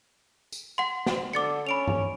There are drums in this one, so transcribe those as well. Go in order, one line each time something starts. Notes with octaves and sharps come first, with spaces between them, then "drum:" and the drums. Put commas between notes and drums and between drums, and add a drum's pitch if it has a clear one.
drum: tambourine
F#5 C6
drum: snare
D3 D6 A6 C#7
C#4 B5 D7 F7
drum: tom G2